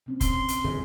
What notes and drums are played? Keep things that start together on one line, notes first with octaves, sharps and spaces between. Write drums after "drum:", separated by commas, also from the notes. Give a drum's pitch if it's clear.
C3 C4 C#4
C6, drum: kick F1, hi-hat
drum: hi-hat
G1 E2 G#2 G#4